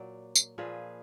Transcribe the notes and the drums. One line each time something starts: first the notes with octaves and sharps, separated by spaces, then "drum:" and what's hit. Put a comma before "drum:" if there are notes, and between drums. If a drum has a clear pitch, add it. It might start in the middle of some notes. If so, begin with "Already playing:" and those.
Already playing: A#2 F#3 D5
drum: tambourine
A#2 F3 G#4 B4